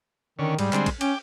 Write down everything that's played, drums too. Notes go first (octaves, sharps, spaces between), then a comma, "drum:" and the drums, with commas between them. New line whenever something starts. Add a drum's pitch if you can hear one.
D3 D#3 C#4
G#2 G3, drum: cymbal
D3 G#3 C4, drum: clap
drum: kick A1, cymbal
C#4 G5 D6, drum: cymbal